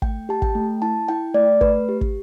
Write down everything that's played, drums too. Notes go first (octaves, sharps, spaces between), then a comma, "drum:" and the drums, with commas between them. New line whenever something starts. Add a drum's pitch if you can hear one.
A3 G5, drum: kick
G4 A5
G5, drum: kick
A3
E4 A5
E4 G5
A3 D5
A3 B4, drum: kick
G4
drum: kick